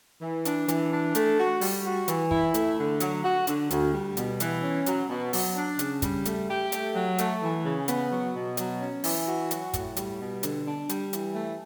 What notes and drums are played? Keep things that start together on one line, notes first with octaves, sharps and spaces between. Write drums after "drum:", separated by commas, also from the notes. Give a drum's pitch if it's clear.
E3
D4, drum: hi-hat
E3, drum: hi-hat
D4
A3, drum: hi-hat
F#4
G3, drum: open hi-hat
F#4
E3, drum: hi-hat
E4, drum: kick
A3, drum: hi-hat
D3
F#3, drum: hi-hat
F#4
D3, drum: hi-hat
D2, drum: hi-hat
G3
B2, drum: hi-hat
E3, drum: hi-hat
C#4
F#3, drum: hi-hat
B2
F#3, drum: open hi-hat
D4
C#3, drum: hi-hat
G3, drum: kick, hi-hat
A3, drum: hi-hat
G4
A3, drum: hi-hat
F#3
A3, drum: hi-hat
E3
C#3
B3, drum: hi-hat
F#3
B2
F#3, drum: hi-hat
C#4
E3, drum: open hi-hat
F#4
F#3, drum: hi-hat
A2, drum: kick, hi-hat
G3, drum: hi-hat
B2
D3, drum: hi-hat
D4
G3, drum: hi-hat
E3, drum: hi-hat
A3